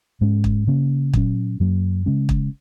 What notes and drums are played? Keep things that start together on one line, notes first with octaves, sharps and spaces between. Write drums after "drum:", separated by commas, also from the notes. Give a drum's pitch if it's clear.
G#2 G#3 C#4
drum: kick
C#3 A#3 C#4
A#2 F#3 C#4, drum: kick
F#2 F#3 A#3
C#3 G#3 C#4
drum: kick